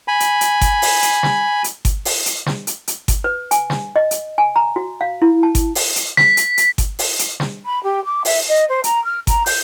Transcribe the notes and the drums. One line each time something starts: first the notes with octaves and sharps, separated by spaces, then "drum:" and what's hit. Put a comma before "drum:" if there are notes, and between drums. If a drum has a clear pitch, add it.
G#5 B5
drum: hi-hat
drum: hi-hat
drum: kick G1, hi-hat
drum: open hi-hat
drum: hi-hat
drum: snare
drum: hi-hat
drum: kick G1, hi-hat
drum: open hi-hat
drum: hi-hat
drum: snare
drum: hi-hat
drum: hi-hat
drum: kick G1, hi-hat
B4
G#5, drum: hi-hat
drum: snare
D#5
drum: hi-hat
G#5
A#5
F#4
F5
E4
A5
drum: kick G1, hi-hat
drum: open hi-hat
drum: hi-hat
B6, drum: snare
drum: hi-hat
drum: hi-hat
drum: kick G1, hi-hat
drum: open hi-hat
drum: hi-hat
drum: snare
B5
G4
D6
E5, drum: open hi-hat
D#5
C5
A#5, drum: hi-hat
F6
A#5, drum: kick G1, hi-hat
G6, drum: open hi-hat